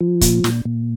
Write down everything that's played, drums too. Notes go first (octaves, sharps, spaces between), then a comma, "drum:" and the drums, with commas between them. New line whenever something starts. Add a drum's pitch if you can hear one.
F3
A#2, drum: kick, hi-hat
A#2, drum: snare
A#2